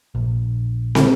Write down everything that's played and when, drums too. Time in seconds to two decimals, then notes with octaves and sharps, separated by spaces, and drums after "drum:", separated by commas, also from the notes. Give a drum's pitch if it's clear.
0.15 A#1
0.95 drum: snare